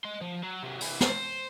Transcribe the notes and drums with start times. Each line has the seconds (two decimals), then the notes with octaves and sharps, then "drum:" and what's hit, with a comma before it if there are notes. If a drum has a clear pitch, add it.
0.04 D#5 C6
0.21 F3
0.43 F#3
0.63 C3 F#3
0.80 C2 E3, drum: open hi-hat
1.01 C5, drum: snare